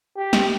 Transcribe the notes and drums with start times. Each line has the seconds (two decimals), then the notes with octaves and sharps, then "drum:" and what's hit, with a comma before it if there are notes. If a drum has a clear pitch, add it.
0.17 G4
0.33 drum: snare